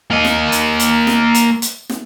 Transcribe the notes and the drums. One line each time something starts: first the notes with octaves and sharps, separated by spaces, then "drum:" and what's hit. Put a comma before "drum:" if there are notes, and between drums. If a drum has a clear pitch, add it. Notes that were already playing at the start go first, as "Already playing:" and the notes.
A#3 D#5
drum: snare
drum: hi-hat
drum: hi-hat
drum: snare
drum: hi-hat
drum: hi-hat
drum: snare